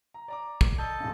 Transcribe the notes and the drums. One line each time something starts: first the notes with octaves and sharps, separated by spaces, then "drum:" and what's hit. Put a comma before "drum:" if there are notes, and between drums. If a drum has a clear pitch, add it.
A#5
D5 A#5 D6
drum: kick
A4 D#5 A5 G6
D1 A#1